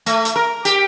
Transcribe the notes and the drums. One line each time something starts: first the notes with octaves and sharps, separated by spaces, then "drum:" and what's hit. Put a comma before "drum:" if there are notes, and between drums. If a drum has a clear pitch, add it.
A3, drum: hi-hat
drum: hi-hat
A#4
G4, drum: hi-hat